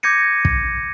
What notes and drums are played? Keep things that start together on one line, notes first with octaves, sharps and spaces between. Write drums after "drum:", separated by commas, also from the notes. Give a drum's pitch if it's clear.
D6 G6 G#6 A#6 C#7 D#7
drum: kick